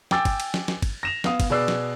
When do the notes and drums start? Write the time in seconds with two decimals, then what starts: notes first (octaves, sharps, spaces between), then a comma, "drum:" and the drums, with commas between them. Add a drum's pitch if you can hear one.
0.11 G5 G#5 D6 E6 A6, drum: snare
0.25 drum: kick, cymbal
0.40 drum: cymbal
0.54 drum: snare
0.68 drum: snare
0.82 drum: kick, cymbal
1.03 A#6 E7 F7
1.24 B3 F5 D#6, drum: snare
1.40 drum: kick, cymbal
1.50 B2 G#4 B4 D5 E6 C7
1.68 drum: snare